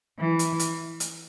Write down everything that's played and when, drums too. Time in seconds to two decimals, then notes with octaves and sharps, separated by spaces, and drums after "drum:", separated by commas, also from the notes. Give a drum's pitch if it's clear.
0.19 E3
0.39 drum: hi-hat
0.59 drum: hi-hat
1.00 drum: hi-hat